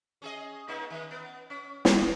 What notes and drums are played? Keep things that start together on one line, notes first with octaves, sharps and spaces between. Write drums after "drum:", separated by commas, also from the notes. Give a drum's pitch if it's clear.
C#4 G#4 D#5
C#3 A#3 D#4
D#3
B3
C#4
B3 D#4, drum: snare